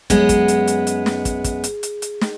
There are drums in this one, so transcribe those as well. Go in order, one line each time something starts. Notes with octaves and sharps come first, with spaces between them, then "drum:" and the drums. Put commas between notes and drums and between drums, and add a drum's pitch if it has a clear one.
F#2 G#3 B3 G#4, drum: kick, hi-hat
drum: kick, hi-hat
drum: hi-hat
drum: hi-hat
drum: hi-hat
drum: snare
drum: kick, hi-hat
drum: kick, hi-hat
drum: hi-hat
drum: hi-hat
drum: hi-hat
drum: snare